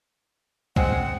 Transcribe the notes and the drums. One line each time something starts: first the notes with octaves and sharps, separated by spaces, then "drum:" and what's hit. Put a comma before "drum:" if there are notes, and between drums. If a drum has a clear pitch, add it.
G#3 C4 F#5, drum: kick